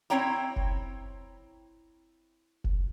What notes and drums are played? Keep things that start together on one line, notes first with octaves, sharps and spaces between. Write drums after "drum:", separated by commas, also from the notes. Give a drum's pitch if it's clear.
C4 E4 C#5 G5 A#5
drum: kick F1
drum: kick F1